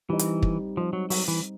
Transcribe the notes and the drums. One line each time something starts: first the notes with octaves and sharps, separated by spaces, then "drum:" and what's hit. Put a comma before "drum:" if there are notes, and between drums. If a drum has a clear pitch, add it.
E3 G3 C4 D#4
drum: hi-hat
drum: kick
F3 G3 C4 D#4
F#3
F#3, drum: open hi-hat
E3